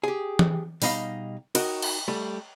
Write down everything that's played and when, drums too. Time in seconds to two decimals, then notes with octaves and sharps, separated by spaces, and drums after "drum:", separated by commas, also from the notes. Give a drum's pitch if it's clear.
0.03 G4 G#4
0.39 drum: tom E3
0.82 B2 G3 D#4 D#5 F5, drum: open hi-hat
1.55 D#4 F#4 A#4 D#5, drum: cymbal
1.82 drum: cymbal
2.08 G3 A3